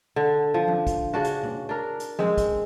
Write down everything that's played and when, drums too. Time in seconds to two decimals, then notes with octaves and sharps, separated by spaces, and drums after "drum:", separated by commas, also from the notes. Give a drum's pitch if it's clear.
0.16 D3
0.54 F3
0.68 drum: tom F3
0.87 drum: kick, hi-hat
1.14 C#3 D4 F#4
1.24 drum: hi-hat
1.43 drum: tom
1.69 D4 A#4
2.00 drum: hi-hat
2.19 G#3 C4, drum: tom F3
2.38 drum: kick, hi-hat